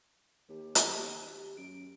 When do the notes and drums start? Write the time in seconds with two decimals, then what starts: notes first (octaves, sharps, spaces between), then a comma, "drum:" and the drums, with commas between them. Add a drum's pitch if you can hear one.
0.49 D#2 G4
0.75 drum: hi-hat
1.57 F#2 D7